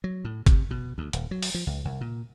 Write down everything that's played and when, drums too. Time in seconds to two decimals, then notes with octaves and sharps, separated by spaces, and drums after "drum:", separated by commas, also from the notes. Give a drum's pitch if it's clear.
0.04 F#3
0.25 A2
0.46 C3, drum: kick G1, hi-hat
0.71 B2
0.98 D2
1.13 D#1, drum: hi-hat
1.31 F#3
1.43 drum: open hi-hat
1.54 F3
1.67 C#2
1.85 C2
2.01 A#2